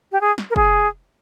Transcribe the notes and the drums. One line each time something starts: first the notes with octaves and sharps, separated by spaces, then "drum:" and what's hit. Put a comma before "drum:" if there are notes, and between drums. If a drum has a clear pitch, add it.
G4
G#4
drum: snare
A#4
G#4, drum: kick